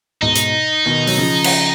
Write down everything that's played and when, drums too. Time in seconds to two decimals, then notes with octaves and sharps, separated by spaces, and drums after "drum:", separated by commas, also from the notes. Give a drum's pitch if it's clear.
0.22 G#2 B2 D#4
0.35 drum: hi-hat
0.85 B2 D#3
1.07 F#3, drum: open hi-hat
1.18 C#3 F3
1.44 drum: cymbal